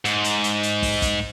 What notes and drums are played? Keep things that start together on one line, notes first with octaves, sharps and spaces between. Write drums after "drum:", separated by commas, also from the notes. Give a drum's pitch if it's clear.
G#2, drum: hi-hat
drum: hi-hat
drum: hi-hat
drum: hi-hat
drum: kick, open hi-hat
drum: kick, hi-hat